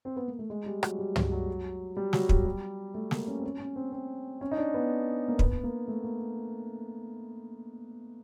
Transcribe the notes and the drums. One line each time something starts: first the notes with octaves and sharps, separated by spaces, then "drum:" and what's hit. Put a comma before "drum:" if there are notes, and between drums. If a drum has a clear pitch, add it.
C4
B3
A#3
A3
G#3
G3
F#3, drum: rim click
G3
F#3, drum: tom
F#3
G3
F#3, drum: snare
G3, drum: kick
G3
A3
A#3, drum: snare
C#4
C4
C#4
C#4
C4
C4
C#4
D#4
D4
B3
A#3
B3, drum: kick
A#3
A3
A#3